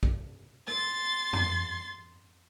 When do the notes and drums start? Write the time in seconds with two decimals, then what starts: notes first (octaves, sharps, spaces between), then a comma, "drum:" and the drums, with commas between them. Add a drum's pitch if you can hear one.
0.03 drum: kick A#1
0.68 C6 A6, drum: rim click
1.33 drum: tom